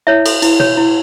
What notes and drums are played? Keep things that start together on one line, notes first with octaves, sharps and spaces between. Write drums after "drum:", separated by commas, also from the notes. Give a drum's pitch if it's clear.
E4 C#5 E5
A4, drum: cymbal
E4, drum: cymbal
C#5, drum: tom B2
E4